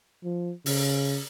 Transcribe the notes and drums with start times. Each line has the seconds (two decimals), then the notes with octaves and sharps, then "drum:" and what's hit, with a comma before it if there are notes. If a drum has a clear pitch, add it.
0.24 F3
0.66 C#3, drum: open hi-hat